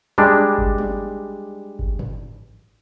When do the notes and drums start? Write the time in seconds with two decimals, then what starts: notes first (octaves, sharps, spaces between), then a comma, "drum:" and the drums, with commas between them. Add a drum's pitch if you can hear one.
0.18 G3 G#3 D4
0.58 drum: kick G1
0.78 drum: tom
1.79 drum: kick G1
1.99 drum: tom